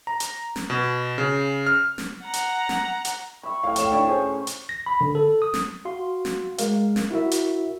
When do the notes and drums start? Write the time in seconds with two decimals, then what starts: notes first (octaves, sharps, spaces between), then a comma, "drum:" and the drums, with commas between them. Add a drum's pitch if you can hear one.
0.07 A#5
0.20 drum: hi-hat
0.56 drum: snare
0.70 B2
1.18 C#3
1.66 F6
1.98 drum: snare
2.24 F#5 A#5
2.33 drum: hi-hat
2.69 drum: snare
3.05 drum: hi-hat
3.43 E5 B5 C#6
3.64 A2 C#5 F5
3.76 D2 C#5 F5 G5 E7, drum: hi-hat
3.91 D4 E4 D5
4.06 C#4 G#4 C5
4.47 drum: hi-hat
4.69 A#6
4.86 B5
5.01 D3
5.15 A4
5.42 D#6
5.54 drum: snare
5.85 F#4 F5 C6
6.25 drum: snare
6.58 G#3 A#4 F5, drum: hi-hat
6.96 drum: snare
7.10 E4 F#4 A#4 E5
7.31 drum: hi-hat